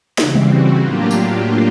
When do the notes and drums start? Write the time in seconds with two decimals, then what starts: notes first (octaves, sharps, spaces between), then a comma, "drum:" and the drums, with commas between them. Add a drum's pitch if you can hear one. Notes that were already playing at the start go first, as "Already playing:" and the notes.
0.18 C#3 E3 G3 C4 F#4, drum: snare
0.35 drum: tom G3
0.49 F#4
0.79 A2 F#3 A#3 D4 F4 G4
1.11 drum: tambourine